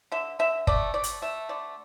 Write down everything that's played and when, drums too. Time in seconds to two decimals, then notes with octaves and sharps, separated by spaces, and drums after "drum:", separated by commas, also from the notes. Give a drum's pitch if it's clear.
0.12 D3 E5
0.39 D3 E5
0.67 A3 D5, drum: kick F#1
0.94 A3 D5
1.04 drum: hi-hat
1.22 A3 E5
1.49 D3 D5